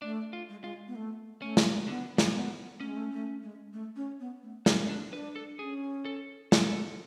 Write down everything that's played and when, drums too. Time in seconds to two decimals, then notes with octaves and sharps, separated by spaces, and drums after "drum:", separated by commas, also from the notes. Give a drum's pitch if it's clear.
0.02 A3 D4
0.33 F4
0.49 G#3
0.62 G#3 F4
0.88 B3
0.96 A3
1.42 A3 C#4
1.57 drum: snare
1.88 D3 B3
2.18 F3, drum: snare
2.34 B3
2.80 A3 C#4
2.88 G#3
2.96 A3
3.12 A3
3.42 G#3
3.73 A3
3.96 C#4
4.20 B3
4.43 A3
4.66 A3 D4, drum: snare
4.89 D4
5.12 D4 B4
5.36 A4
5.59 C#4 G#4
6.05 A4
6.52 A4, drum: snare